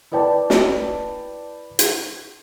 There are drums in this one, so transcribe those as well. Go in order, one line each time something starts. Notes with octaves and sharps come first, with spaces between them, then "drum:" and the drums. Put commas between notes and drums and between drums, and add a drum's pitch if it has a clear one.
E4 B4 D5 G5 A5
drum: snare
drum: hi-hat